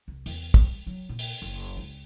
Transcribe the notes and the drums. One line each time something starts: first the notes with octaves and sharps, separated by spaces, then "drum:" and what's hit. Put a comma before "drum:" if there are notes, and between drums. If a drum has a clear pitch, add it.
C2
E2, drum: open hi-hat
G3, drum: kick
F#3
A#2
drum: open hi-hat
F#1
C#2